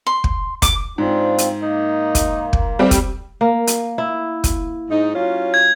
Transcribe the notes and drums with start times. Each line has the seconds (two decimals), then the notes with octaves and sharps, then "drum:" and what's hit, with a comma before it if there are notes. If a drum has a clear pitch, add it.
0.07 C6
0.24 drum: kick
0.62 D6, drum: kick, hi-hat
0.98 G#2 C4 D4 F4
1.38 drum: hi-hat
1.62 A#3 D#4
2.15 drum: kick, hi-hat
2.53 drum: kick
2.79 G3 A3 C4 G4
2.91 drum: kick, hi-hat
3.41 A#3
3.67 drum: hi-hat
3.98 E4
4.44 drum: kick, hi-hat
4.91 G#2 D#4
5.14 F#3 C#4 F4
5.54 G#6